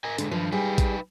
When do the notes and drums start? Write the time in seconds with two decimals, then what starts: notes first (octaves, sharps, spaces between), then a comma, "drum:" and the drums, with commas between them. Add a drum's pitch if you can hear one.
0.04 A#4 D#5 G#5
0.18 D3 G#3 D4, drum: hi-hat
0.31 G2 D#3 F3 F4 B4
0.52 G3 D#4 G#4 B4 G5
0.78 drum: kick A1, hi-hat